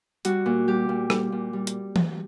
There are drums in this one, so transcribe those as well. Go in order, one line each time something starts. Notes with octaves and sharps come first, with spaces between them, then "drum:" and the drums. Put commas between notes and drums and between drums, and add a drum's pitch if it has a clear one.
G3 F#4, drum: hi-hat
A#2
G3 G4
A#2
G3, drum: rim click
A#2
G3
drum: hi-hat
drum: tom E3